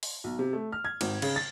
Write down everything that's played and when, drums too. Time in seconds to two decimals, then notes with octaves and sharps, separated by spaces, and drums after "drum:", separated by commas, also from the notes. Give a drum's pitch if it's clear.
0.03 drum: open hi-hat
0.24 B1
0.39 C3
0.53 A3
0.72 F6
0.85 G#6
1.01 G#1, drum: cymbal
1.22 C#3, drum: cymbal
1.36 A6